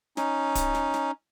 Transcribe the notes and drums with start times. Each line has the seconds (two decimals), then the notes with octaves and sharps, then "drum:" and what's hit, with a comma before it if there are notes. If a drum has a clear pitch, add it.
0.17 C#4 D#4, drum: snare
0.55 drum: kick D1, hi-hat
0.75 drum: snare
0.94 drum: snare